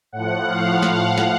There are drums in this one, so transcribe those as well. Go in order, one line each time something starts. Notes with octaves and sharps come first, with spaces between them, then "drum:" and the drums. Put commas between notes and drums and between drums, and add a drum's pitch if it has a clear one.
A2 F3 F#5
F5
F#5, drum: snare
drum: snare